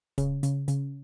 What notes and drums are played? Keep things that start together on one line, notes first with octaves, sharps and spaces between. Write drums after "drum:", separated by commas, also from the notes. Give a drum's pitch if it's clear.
C#3, drum: kick, hi-hat
C#3, drum: hi-hat
C#3, drum: hi-hat